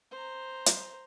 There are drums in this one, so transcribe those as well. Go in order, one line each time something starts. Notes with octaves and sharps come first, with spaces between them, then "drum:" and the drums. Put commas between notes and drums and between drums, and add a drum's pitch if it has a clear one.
C5 A#5
drum: hi-hat